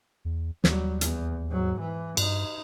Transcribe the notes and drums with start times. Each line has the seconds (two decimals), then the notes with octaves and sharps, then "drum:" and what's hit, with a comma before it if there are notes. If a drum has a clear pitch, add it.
0.25 E2
0.64 D#2 F#3 G3, drum: snare
1.01 E2, drum: hi-hat
1.48 G#2 F#3
1.79 E3
2.17 G2 D#4, drum: cymbal